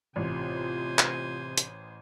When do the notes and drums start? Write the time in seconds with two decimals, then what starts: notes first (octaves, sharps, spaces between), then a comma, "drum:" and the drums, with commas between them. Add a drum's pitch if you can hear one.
0.16 A1 C3 F4 C5 G#5
0.99 drum: clap
1.58 drum: hi-hat